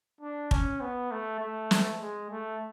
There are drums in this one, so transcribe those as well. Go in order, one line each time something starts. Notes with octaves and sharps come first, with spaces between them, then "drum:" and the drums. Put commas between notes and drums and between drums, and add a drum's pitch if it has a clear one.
D4
C#4, drum: kick
B3
A3
A3
drum: snare
G#3
A3